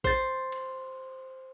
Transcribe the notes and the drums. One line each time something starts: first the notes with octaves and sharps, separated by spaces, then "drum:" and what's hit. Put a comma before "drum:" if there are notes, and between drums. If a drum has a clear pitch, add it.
C5 A6, drum: kick A1
drum: cymbal